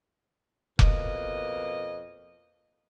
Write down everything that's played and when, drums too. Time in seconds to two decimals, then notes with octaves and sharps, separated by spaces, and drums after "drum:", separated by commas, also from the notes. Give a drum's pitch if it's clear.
0.79 F2 B2 A#3 B4 D#5, drum: kick F1